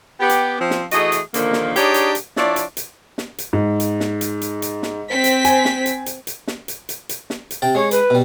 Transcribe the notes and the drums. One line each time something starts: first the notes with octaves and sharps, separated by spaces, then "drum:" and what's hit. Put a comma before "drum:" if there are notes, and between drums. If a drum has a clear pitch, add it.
B3 G4
drum: hi-hat
F3 C4
drum: snare
E3 A3 F#4 G#4 D#5, drum: hi-hat
drum: hi-hat
A#2 D3 D#3 F3 A#3, drum: hi-hat
drum: snare
D4 D#4 G4 G#4 C#5 D5, drum: hi-hat
drum: hi-hat
drum: hi-hat
F3 D4 E4 C#5 D5, drum: snare
drum: hi-hat
drum: hi-hat
drum: snare
drum: hi-hat
G#2
drum: hi-hat
drum: snare
drum: hi-hat
drum: hi-hat
drum: hi-hat
drum: snare
C4 B6
drum: hi-hat
G#5, drum: hi-hat
drum: snare
drum: hi-hat
drum: hi-hat
drum: hi-hat
drum: snare
drum: hi-hat
drum: hi-hat
drum: hi-hat
drum: snare
drum: hi-hat
C3 G5 A5
G#3 C#5
B4, drum: hi-hat
B2 G3